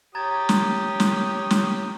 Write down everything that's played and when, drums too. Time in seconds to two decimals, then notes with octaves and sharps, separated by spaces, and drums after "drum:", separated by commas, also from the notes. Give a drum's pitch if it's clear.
0.15 G4 C#5 A#5 D#6 G#6 A6
0.49 drum: snare
1.00 drum: snare
1.51 drum: snare